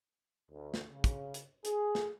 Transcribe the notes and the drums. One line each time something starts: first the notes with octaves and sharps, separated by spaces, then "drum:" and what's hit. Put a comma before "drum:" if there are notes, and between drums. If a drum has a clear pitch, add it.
D2
drum: snare
C#3
drum: kick, hi-hat
drum: hi-hat
G#4, drum: hi-hat
drum: snare